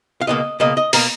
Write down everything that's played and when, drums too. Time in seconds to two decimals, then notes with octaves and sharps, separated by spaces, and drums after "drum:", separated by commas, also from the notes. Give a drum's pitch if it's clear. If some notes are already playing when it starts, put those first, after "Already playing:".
0.21 F5
0.27 C#2 B2 A#3 D#5
0.60 C#2 B2 A#3 D#5
0.77 D#5
0.93 B2 A#3 A#4, drum: open hi-hat